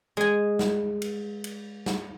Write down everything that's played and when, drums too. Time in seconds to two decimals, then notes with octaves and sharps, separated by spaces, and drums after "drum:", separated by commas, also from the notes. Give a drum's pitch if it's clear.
0.17 G#3 G#5
0.59 drum: snare
1.02 drum: cymbal
1.44 drum: cymbal
1.86 drum: snare